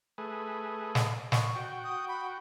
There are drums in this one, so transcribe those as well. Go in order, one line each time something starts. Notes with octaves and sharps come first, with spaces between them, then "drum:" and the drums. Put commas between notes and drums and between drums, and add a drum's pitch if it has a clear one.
A3 G#4 B4
drum: snare
C#6, drum: snare
F#4 G5
D#6
B5